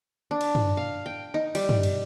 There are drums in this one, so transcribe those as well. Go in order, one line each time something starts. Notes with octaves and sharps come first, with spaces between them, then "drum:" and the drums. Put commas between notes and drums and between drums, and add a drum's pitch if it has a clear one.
D4
drum: cymbal
drum: tom
F5
G5
D#4
G3, drum: cymbal
drum: tom
drum: cymbal